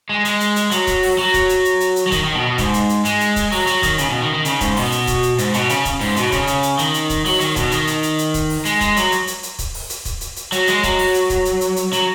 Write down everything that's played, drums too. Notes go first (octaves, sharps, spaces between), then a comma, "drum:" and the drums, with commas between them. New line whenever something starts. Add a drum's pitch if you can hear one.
G#3
G#3, drum: hi-hat
drum: hi-hat
drum: hi-hat
F#3, drum: hi-hat
drum: kick C#1, hi-hat
drum: open hi-hat
F#3
drum: kick C#1, hi-hat
drum: hi-hat
drum: hi-hat
drum: hi-hat
drum: hi-hat
F#3
D#3, drum: kick C#1, hi-hat
D#3
B2
B2
G#2, drum: kick C#1, hi-hat
drum: hi-hat
drum: hi-hat
G#3, drum: hi-hat
drum: hi-hat
drum: kick C#1, hi-hat
F#3, drum: open hi-hat
F#3, drum: hi-hat
D#3, drum: kick C#1, hi-hat
C#3, drum: hi-hat
B2
D#3
D#3
C#3, drum: hi-hat
G#2, drum: kick C#1, hi-hat
B2, drum: open hi-hat
drum: hi-hat
drum: kick C#1, hi-hat
drum: hi-hat
G#2, drum: hi-hat
B2, drum: hi-hat
C#3, drum: hi-hat
drum: kick C#1, hi-hat
G#2, drum: open hi-hat
B2, drum: hi-hat
C#3, drum: kick C#1, hi-hat
drum: hi-hat
drum: hi-hat
D#3, drum: hi-hat
drum: hi-hat
drum: kick C#1, hi-hat
F#3, drum: open hi-hat
D#3, drum: hi-hat
B2, drum: kick C#1, hi-hat
D#3, drum: hi-hat
drum: hi-hat
drum: hi-hat
drum: hi-hat
drum: kick C#1, hi-hat
drum: open hi-hat
G#3, drum: hi-hat
G#3, drum: kick C#1, hi-hat
F#3, drum: hi-hat
drum: hi-hat
drum: hi-hat
drum: hi-hat
drum: kick C#1, hi-hat
drum: open hi-hat
drum: hi-hat
drum: kick C#1, hi-hat
drum: hi-hat
drum: hi-hat
F#3, drum: hi-hat
G#3, drum: hi-hat
F#3, drum: kick C#1, hi-hat
drum: open hi-hat
drum: hi-hat
drum: kick C#1, hi-hat
drum: hi-hat
drum: hi-hat
drum: hi-hat
F#3, drum: hi-hat